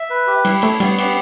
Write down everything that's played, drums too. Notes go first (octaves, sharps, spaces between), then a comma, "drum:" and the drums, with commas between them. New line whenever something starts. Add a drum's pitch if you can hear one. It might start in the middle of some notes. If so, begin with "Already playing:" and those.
Already playing: E5
B4
G4
G3 E4, drum: cymbal
A3 C#5, drum: cymbal
G3 B3, drum: cymbal
G4, drum: cymbal